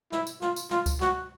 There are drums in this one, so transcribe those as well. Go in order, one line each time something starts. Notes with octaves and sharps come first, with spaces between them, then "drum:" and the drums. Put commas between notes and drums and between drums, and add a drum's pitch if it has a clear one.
E4, drum: snare
drum: tambourine
F4, drum: snare
drum: tambourine
F4, drum: snare
drum: kick C#2, tambourine
F#4, drum: snare